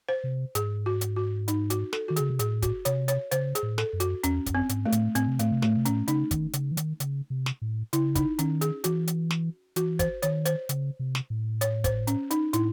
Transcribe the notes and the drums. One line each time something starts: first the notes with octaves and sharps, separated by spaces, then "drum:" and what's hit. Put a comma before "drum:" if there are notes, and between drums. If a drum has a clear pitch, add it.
C5
C3
G#2 G#4, drum: hi-hat
F#4
drum: hi-hat
F#4
D#4, drum: hi-hat
F#4, drum: hi-hat
A4, drum: snare
D#3 F#4
C#3 G#4, drum: hi-hat
C3
A2 G#4, drum: hi-hat
F#4, drum: kick, hi-hat
C3 C#5, drum: hi-hat
C#5, drum: hi-hat
C#3 C5, drum: hi-hat
G#4, drum: hi-hat
A2
A4, drum: snare
F#2
F#4, drum: hi-hat
E2 C#4, drum: hi-hat
F#2, drum: kick, hi-hat
C4
G#2, drum: hi-hat
A3
A2, drum: hi-hat
A2 C4, drum: hi-hat
C3
A2 A3, drum: hi-hat
C3
A2 A3, drum: snare
C3
A2 C#4, drum: hi-hat
C#3 D#4, drum: hi-hat
D#3, drum: kick, hi-hat
C#3, drum: hi-hat
E3
D#3, drum: hi-hat
C#3, drum: hi-hat
C3
drum: snare
A2
C#3 E4, drum: hi-hat
D#4, drum: kick, hi-hat
D#3 C#4, drum: hi-hat
G#4, drum: hi-hat
E3 F#4, drum: hi-hat
drum: hi-hat
drum: snare
E3 F#4, drum: hi-hat
C5, drum: kick, hi-hat
D#3 C#5, drum: hi-hat
C5, drum: hi-hat
C#3, drum: hi-hat
C3
drum: snare
A2
C#5, drum: hi-hat
C5, drum: kick, hi-hat
C#4, drum: hi-hat
D#4, drum: hi-hat
A2 E4, drum: hi-hat